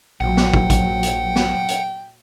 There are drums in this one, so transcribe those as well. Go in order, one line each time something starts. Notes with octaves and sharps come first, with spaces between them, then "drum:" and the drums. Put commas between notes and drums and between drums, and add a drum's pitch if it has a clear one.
A#1 A#2 F#3 F#5 G5
drum: snare
drum: kick
drum: kick, hi-hat
drum: hi-hat
drum: snare
drum: hi-hat